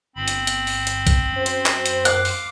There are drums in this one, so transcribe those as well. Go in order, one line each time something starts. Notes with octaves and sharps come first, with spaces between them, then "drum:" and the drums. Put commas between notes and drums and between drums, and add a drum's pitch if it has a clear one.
G1 C4 B5
drum: hi-hat
drum: hi-hat
drum: open hi-hat
drum: hi-hat
drum: kick, hi-hat
F#2 C5
drum: hi-hat
drum: clap
drum: hi-hat
F5 D6 F#6, drum: hi-hat
drum: open hi-hat